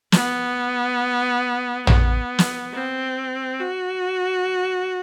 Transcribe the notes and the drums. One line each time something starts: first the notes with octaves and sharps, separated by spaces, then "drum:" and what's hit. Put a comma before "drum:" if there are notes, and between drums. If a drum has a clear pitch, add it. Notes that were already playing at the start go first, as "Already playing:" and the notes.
B3, drum: snare
B3, drum: tom
drum: snare
C4
F#4